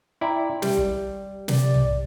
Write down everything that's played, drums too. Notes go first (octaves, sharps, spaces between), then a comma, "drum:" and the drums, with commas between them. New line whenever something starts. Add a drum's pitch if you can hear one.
E4 D5 G5 A#5 C6
G3 G4, drum: snare
drum: kick F#1
C3 D5, drum: snare
drum: tom B1